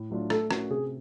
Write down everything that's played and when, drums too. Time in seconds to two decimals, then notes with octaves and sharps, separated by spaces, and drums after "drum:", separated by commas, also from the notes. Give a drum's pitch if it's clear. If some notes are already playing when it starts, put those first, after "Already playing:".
Already playing: A2
0.10 F#3 A3 D4 F4
0.30 A3 A4, drum: rim click
0.51 C#4 F#4 A#4, drum: rim click
0.70 C3 G#4